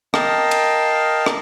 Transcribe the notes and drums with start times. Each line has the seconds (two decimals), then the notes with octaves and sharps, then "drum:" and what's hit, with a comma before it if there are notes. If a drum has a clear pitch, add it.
0.14 A#4 D#5 F5 G5 A5, drum: rim click
0.51 drum: cymbal
1.26 drum: rim click